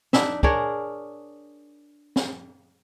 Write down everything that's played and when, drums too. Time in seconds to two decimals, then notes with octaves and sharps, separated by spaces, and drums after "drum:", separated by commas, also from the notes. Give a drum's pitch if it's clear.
0.13 D4 D#4 E5, drum: snare
0.43 D4 G#4 A#4 C#5, drum: kick
2.16 drum: snare